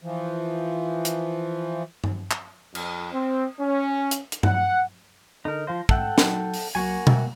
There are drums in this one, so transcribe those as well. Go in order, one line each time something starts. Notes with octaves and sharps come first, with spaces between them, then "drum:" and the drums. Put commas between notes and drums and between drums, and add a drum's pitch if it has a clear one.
E3 F3
drum: hi-hat
drum: tom G2
drum: clap
F2, drum: cymbal
C4
C#4
drum: hi-hat
drum: hi-hat
F#5, drum: tom G2
D3 D#4 A4 A#4
F3 C5 F5 A#6
G#2 A4 E5 F#5 G5 E6, drum: kick
F#3 D#4, drum: snare
drum: open hi-hat
C#2 F#3 A#3 F#4 G#5 C#6
E5 G5, drum: tom B2